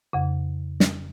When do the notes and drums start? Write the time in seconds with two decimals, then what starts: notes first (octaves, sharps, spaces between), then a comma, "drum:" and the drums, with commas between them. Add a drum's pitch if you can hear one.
0.13 F2 C#3
0.80 drum: snare